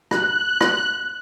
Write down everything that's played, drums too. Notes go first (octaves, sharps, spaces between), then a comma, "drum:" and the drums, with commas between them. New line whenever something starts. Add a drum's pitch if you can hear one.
F#6, drum: rim click
drum: rim click